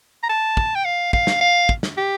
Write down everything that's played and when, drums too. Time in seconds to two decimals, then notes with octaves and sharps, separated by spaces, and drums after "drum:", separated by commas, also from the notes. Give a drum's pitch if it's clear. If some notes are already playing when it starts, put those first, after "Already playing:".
0.23 A#5
0.29 A5
0.57 drum: kick
0.75 G5
0.85 F5
1.13 F5, drum: kick
1.27 drum: snare
1.41 F5
1.69 drum: kick
1.83 drum: snare
1.97 G4